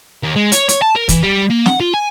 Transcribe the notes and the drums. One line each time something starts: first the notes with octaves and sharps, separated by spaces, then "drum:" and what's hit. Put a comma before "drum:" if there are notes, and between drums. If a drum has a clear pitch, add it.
D#2
G#3
C#5, drum: hi-hat
C#5, drum: hi-hat
A5
A#4
E3, drum: kick, hi-hat
G3
A#3
F#5, drum: snare
F4
G#5